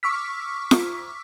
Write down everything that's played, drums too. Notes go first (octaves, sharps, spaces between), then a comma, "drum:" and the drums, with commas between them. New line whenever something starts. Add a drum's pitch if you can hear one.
C#6 D6 E6 F6 B6
drum: snare